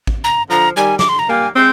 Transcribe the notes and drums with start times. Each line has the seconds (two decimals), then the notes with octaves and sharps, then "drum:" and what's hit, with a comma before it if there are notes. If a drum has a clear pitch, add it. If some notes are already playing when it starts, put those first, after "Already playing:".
0.07 drum: kick A1
0.24 A#5
0.50 D3 F3 A#5
0.77 D#3 G3 G#5
0.99 D6, drum: snare
1.09 C6
1.19 A#5
1.30 G3 A#3 G#5
1.56 G#3 C4 G6